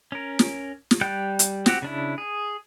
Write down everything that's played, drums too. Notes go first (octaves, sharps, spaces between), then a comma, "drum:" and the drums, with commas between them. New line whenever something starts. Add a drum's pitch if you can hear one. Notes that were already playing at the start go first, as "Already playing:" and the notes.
C#4 A#4
drum: snare
drum: snare
G3 D5 G5 F#6 G6
drum: hi-hat
C4 F#4 G4 F#5, drum: snare
C#3 D4 E4
G#4